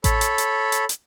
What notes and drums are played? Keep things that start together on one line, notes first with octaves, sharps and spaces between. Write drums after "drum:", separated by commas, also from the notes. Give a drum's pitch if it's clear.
A4 C#5 B5, drum: kick A1, hi-hat
drum: hi-hat
drum: hi-hat
drum: hi-hat
drum: hi-hat